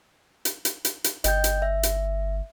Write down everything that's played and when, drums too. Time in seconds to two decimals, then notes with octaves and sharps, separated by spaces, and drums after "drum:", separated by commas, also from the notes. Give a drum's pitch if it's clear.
0.45 drum: hi-hat
0.65 drum: hi-hat
0.85 drum: hi-hat
1.04 drum: hi-hat
1.24 G1 D#5 G5 G6, drum: hi-hat
1.44 drum: hi-hat
1.62 E5
1.83 drum: hi-hat